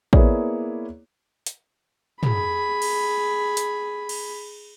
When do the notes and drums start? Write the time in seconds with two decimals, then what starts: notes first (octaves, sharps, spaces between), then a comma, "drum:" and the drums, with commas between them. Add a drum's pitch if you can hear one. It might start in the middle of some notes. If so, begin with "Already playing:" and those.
0.13 A#3 B3 E4 G#4 C#5 D5, drum: kick A1
1.46 drum: hi-hat
2.23 G#4 B5, drum: tom
2.82 drum: cymbal
3.57 drum: hi-hat
4.09 drum: cymbal